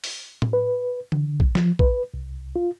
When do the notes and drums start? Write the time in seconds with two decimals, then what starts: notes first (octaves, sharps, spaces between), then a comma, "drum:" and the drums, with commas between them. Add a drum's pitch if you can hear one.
0.04 drum: open hi-hat
0.42 drum: tom A2
0.53 B4
1.12 D3, drum: tom E3
1.40 drum: kick A#1
1.55 F3, drum: snare
1.79 B4, drum: kick A#1
2.14 C2
2.56 F4